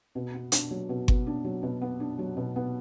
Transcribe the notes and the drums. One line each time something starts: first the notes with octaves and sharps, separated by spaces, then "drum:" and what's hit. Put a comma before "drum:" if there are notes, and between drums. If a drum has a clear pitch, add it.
B2
B3
D4, drum: hi-hat
F#3
B2
B3, drum: kick G1
D4
F#3
B2
B3
D4
F#3
B2
B3